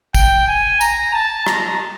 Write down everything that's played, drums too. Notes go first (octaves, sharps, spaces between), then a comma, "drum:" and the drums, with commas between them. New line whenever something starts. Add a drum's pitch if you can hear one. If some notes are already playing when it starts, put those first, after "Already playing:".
G5, drum: kick, tambourine
G#5
A#5, drum: tambourine
A5
A#5, drum: rim click